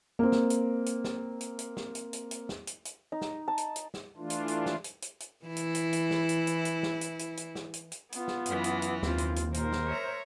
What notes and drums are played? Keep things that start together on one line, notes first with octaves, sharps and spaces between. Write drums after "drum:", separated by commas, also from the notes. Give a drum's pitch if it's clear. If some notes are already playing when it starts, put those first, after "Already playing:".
A#3 C4
drum: snare
drum: hi-hat
drum: hi-hat
drum: snare
drum: hi-hat
drum: hi-hat
drum: snare
drum: hi-hat
drum: hi-hat
drum: hi-hat
drum: snare
drum: hi-hat
drum: hi-hat
D#4
drum: snare
A5
drum: hi-hat
drum: hi-hat
drum: snare
E3 A3 D4 F4
drum: hi-hat
drum: hi-hat
drum: snare
drum: hi-hat
drum: hi-hat
drum: hi-hat
E3 E4
drum: hi-hat
drum: hi-hat
drum: hi-hat
drum: snare
drum: hi-hat
drum: hi-hat
drum: hi-hat
drum: snare
drum: hi-hat
drum: hi-hat
drum: hi-hat
drum: snare
drum: hi-hat
drum: hi-hat
B3 F4, drum: hi-hat
drum: snare
F#2 E3, drum: hi-hat
drum: hi-hat
drum: hi-hat
D#2 C4 F4, drum: snare
drum: hi-hat
drum: hi-hat
A#2 A#4 C5, drum: hi-hat
drum: snare
C#5 E5 A#5